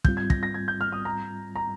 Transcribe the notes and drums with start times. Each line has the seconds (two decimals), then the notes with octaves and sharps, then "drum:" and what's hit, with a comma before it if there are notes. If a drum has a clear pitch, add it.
0.04 G#2 G3 C4 F4 G6, drum: kick
0.17 G#6
0.30 A#6, drum: kick
0.43 A#6
0.54 G#6
0.68 G6
0.81 F6
0.92 D#6
1.05 A#5
1.55 A#5